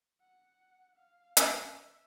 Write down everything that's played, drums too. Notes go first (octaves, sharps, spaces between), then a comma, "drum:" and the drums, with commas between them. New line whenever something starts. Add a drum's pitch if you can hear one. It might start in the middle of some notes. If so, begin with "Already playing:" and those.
F#5
F5
drum: hi-hat
E5